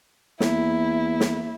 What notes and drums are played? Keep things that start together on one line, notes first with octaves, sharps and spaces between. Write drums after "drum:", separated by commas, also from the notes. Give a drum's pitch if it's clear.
E2 A#3 E4, drum: snare
drum: snare